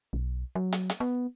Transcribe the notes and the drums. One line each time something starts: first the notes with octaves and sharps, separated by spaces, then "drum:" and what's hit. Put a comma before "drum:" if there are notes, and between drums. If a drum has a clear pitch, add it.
B1
F#3
drum: hi-hat
drum: hi-hat
B3